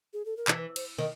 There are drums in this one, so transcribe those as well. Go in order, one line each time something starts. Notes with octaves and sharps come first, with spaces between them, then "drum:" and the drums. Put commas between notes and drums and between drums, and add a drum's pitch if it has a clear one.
G#4
A4
A#4
E3 B4, drum: clap
C5, drum: cymbal
D#3